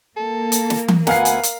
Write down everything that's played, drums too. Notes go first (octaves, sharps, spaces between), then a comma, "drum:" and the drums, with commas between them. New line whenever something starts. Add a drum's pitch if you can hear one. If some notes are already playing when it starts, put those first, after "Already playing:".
A#3 A4
drum: hi-hat
drum: snare
drum: tom E3
D2 B3 A#4 F5 F#5 G#5 C7, drum: snare
drum: hi-hat
drum: hi-hat